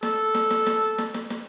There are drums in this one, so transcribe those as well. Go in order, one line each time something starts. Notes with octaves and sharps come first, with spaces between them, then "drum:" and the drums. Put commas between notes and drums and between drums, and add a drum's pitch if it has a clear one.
A4, drum: snare
drum: snare
drum: snare
drum: snare
drum: snare
drum: snare
drum: snare